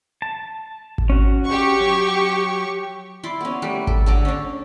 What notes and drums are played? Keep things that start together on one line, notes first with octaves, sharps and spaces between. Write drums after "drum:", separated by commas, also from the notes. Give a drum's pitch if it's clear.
A5
drum: kick G#1
C#4 F#4
G4 C#6
F#3
E4 D5 C6
B3 C#4
G3 A3 A#3
A4, drum: kick G#1
D3 A4 D5
C#4 D4